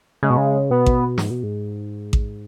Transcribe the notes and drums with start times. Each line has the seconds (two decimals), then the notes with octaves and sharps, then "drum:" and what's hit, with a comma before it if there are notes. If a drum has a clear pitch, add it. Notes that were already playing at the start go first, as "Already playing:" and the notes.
0.23 C#3 G#3
0.30 B2
0.37 C#3
0.70 B2 B3
0.86 drum: kick A1
1.18 G#2, drum: snare
1.31 B2
1.43 G#2
2.13 drum: kick A1